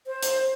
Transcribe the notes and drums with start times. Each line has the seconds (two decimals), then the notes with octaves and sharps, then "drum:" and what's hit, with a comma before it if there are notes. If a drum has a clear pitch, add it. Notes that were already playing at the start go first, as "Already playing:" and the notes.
0.07 C5
0.23 drum: hi-hat